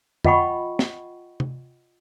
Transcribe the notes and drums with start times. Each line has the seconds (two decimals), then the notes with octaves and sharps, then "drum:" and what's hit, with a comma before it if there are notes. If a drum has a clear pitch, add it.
0.24 F4 D#5 F#5 G5 B5 C#6, drum: tom F2
0.79 drum: snare
1.40 drum: tom C3